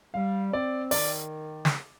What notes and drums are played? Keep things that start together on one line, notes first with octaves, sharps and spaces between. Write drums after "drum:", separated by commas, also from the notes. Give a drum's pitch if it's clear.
G3 F5
C4 D5
D#3 D5, drum: open hi-hat
drum: snare